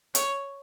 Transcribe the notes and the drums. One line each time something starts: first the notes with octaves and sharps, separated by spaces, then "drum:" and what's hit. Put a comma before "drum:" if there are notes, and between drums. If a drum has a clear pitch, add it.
C#5, drum: hi-hat